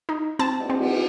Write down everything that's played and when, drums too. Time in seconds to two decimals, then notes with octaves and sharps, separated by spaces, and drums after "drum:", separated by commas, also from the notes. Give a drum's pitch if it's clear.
0.09 D#4
0.39 C4 A5
0.60 drum: cymbal
0.70 C4
0.80 drum: cymbal